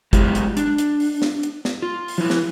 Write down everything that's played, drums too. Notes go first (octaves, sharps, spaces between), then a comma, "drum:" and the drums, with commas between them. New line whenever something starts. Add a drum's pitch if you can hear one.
F#3 G#3 E4 F4 G4, drum: kick, hi-hat
drum: hi-hat
D4, drum: hi-hat
drum: hi-hat
drum: open hi-hat
drum: snare
drum: hi-hat
drum: snare
F4
drum: open hi-hat
F3 E4
drum: snare